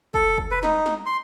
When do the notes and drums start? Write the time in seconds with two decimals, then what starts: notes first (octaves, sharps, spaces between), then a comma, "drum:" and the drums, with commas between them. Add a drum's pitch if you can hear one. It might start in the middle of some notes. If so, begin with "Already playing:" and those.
0.14 A4, drum: kick
0.38 drum: kick
0.51 B4
0.63 D#4, drum: snare
0.86 drum: snare
1.06 C6